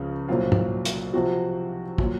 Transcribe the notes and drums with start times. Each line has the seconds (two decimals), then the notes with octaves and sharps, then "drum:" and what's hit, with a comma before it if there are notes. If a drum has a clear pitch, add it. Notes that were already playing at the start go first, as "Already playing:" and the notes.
Already playing: C#2 C#3 F3
0.28 C2 A#2 F#3 C4 F4
0.52 drum: tom
0.85 drum: hi-hat
1.13 C3 F3 C4 F#4
1.98 A#2 F#3, drum: kick